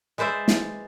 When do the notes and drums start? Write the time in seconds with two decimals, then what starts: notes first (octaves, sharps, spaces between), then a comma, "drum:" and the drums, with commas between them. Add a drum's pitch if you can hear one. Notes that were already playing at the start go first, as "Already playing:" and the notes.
0.18 G#3 B4 C5 D5 E5
0.48 drum: snare